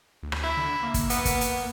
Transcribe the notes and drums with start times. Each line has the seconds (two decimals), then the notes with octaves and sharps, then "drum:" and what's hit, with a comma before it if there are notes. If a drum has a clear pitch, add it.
0.23 D2
0.32 drum: rim click
0.44 E4
0.57 D3
0.82 A#3
0.94 drum: kick, hi-hat
1.10 B3, drum: hi-hat
1.25 drum: kick, hi-hat
1.41 drum: hi-hat